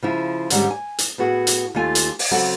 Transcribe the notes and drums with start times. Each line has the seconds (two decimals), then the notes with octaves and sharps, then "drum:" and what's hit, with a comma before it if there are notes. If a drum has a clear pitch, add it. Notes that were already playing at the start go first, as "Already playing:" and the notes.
0.02 C#3 F3 E4
0.50 G#2 D3 D#3 G3 G#3 C#4, drum: hi-hat
0.70 G#5
0.99 drum: hi-hat
1.18 A2 B3 F#4 G#4
1.47 drum: hi-hat
1.75 D#2 A3 F4 G#5
1.95 drum: hi-hat
2.19 drum: open hi-hat
2.31 C#3 F#3 C4 A4